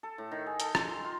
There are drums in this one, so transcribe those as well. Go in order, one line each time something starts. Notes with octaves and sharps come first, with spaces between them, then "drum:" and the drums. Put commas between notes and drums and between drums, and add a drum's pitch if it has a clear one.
A4
A2
D#3
G#4
A4, drum: hi-hat
C6, drum: rim click
A#5
F4